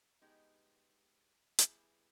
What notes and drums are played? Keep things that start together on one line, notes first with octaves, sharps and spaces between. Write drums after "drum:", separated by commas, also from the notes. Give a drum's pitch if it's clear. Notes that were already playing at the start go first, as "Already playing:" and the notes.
G#3 B3 D#4 G4
G3 B3 E4 G#4, drum: hi-hat